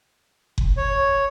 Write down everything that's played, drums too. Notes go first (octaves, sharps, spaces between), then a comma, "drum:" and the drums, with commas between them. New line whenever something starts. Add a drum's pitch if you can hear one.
drum: kick F#1
C#5